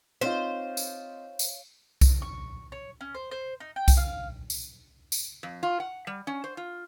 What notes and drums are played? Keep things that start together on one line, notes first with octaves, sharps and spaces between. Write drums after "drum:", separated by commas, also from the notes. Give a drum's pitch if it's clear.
C4 D#4 F4 C5 C#5 F5
drum: tambourine
drum: tambourine
drum: kick C2, tambourine
C#6
C#5
C#4
C5
C5
D#4
G5
drum: kick C2, tambourine
F5
drum: tambourine
drum: tambourine
F2
F4
F#5
G3
C#4
C5
F4